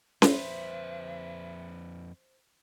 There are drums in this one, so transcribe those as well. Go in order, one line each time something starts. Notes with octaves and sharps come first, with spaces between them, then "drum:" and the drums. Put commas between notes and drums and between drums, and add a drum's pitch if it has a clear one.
F2 B4 C5 E5, drum: snare C#4